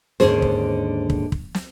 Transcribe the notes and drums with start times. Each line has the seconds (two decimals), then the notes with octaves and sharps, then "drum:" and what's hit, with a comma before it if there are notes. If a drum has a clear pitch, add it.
0.20 D#2 G#2 D3 C#4 G#4 C5, drum: snare
0.42 drum: kick
1.10 drum: kick
1.32 drum: kick
1.55 drum: snare